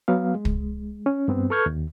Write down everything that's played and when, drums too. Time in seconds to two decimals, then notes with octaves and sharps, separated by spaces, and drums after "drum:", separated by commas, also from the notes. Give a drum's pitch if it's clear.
0.08 F#3 B3 F5
0.35 G#3
0.45 drum: kick
1.06 C#4
1.28 G2 B3 C4
1.50 A4 B4 C#6 F6 G6 G#6
1.66 D#2